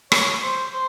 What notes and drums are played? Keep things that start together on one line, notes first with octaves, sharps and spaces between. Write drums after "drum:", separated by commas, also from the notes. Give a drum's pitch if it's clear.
C#5, drum: rim click
C5
C5